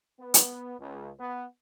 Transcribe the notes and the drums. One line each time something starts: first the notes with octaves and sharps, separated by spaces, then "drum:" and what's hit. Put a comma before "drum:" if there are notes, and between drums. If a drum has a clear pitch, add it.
B3
drum: hi-hat
C#2
B3